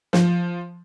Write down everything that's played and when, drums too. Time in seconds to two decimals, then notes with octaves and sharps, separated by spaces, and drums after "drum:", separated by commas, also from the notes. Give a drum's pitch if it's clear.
0.13 F3, drum: snare